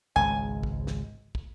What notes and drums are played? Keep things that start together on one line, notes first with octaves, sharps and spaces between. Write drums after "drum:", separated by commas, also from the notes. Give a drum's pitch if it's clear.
G#1 C#2 G#3 G#5
drum: kick
drum: snare
drum: kick